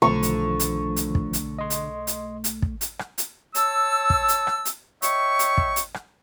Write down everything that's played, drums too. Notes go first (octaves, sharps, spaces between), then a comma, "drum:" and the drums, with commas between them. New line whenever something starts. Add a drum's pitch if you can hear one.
B1 D3 D#3 F3 A3 C#6
drum: hi-hat
drum: hi-hat
drum: hi-hat
drum: kick
drum: hi-hat
D#5 C6
drum: hi-hat
drum: hi-hat
drum: hi-hat
drum: kick
drum: hi-hat
drum: rim click
drum: hi-hat
C#5 A5 E6, drum: hi-hat
drum: kick
drum: hi-hat
drum: rim click
drum: hi-hat
C#5 D#5 E5 G5 C#6, drum: hi-hat
drum: hi-hat
drum: kick
drum: hi-hat
drum: rim click